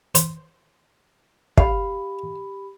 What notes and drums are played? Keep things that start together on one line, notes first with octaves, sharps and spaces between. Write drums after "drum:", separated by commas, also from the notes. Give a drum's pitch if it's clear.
C5, drum: hi-hat
G4 F5 B5, drum: kick